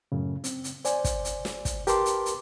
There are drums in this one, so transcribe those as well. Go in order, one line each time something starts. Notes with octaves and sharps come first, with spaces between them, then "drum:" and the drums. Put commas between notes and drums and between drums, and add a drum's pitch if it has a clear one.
F#2 A2 C#3
C4, drum: hi-hat
drum: hi-hat
C5 D5 G#5, drum: hi-hat
drum: kick, hi-hat
drum: hi-hat
drum: snare
drum: kick, hi-hat
G4 A#4 B4 A5 C6 D6, drum: hi-hat
drum: hi-hat
drum: hi-hat